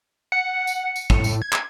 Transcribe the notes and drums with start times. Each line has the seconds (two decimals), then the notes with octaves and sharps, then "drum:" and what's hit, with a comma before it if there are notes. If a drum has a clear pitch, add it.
0.32 F#5 C#7
0.67 drum: tambourine
0.96 drum: tambourine
1.10 A2, drum: kick
1.24 drum: tambourine
1.42 G#6
1.52 drum: clap